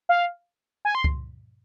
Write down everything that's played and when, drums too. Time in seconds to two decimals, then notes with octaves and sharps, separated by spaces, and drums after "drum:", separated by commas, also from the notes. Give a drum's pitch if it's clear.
0.09 F5
0.85 G#5
0.95 C6
1.04 drum: kick C#2